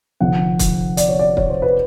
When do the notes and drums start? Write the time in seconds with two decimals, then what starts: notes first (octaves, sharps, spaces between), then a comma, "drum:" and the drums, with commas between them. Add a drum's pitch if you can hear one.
0.20 F1 F2 D3 F3 F#5
0.59 drum: kick, hi-hat
0.97 D5, drum: hi-hat
1.09 C#5
1.19 D5
1.37 C#5, drum: kick
1.50 C5
1.62 B4